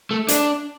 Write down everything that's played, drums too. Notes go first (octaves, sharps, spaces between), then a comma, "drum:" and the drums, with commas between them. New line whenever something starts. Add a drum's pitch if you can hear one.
A3
D4, drum: hi-hat